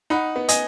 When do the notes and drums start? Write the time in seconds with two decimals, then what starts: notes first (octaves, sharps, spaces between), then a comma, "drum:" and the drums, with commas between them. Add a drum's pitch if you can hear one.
0.10 D#4 F#5 B5
0.36 B3
0.49 D#5 G#5, drum: hi-hat